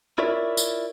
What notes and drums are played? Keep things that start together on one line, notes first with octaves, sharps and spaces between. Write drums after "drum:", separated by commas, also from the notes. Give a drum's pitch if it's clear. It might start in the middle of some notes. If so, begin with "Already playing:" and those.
E4 F4 A#4 C#5 D5 E5
drum: tambourine